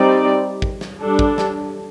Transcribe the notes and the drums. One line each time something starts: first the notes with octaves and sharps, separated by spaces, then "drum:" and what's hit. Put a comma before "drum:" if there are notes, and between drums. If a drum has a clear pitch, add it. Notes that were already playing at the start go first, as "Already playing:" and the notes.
Already playing: G3 C4 D#4 G4 D5
drum: kick
drum: snare
G3 D4 A4
drum: kick
drum: snare